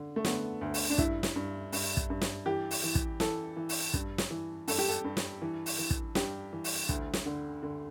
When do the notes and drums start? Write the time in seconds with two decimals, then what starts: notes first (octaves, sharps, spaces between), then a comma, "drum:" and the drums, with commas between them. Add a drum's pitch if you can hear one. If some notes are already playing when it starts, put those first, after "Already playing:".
Already playing: D3
0.16 A3
0.25 D3 B3, drum: snare
0.61 D2
0.74 drum: open hi-hat
0.90 D4
0.98 G2 E4, drum: kick
1.23 drum: snare
1.36 G2
1.72 G2, drum: open hi-hat
1.97 drum: kick
2.10 G2
2.21 drum: snare
2.45 E3 G4
2.71 drum: open hi-hat
2.83 E3
2.95 drum: kick
3.20 E3 A4, drum: snare
3.56 E3
3.69 drum: open hi-hat
3.94 G2, drum: kick
4.18 drum: snare
4.30 E3
4.68 G2 A4, drum: open hi-hat
4.78 G4
4.88 A4
5.04 G2
5.17 drum: snare
5.42 E3
5.66 drum: open hi-hat
5.78 E3
5.90 drum: kick
6.15 G2 G4, drum: snare
6.53 E3
6.64 drum: open hi-hat
6.89 D2, drum: kick
7.13 drum: snare
7.26 D3
7.63 D3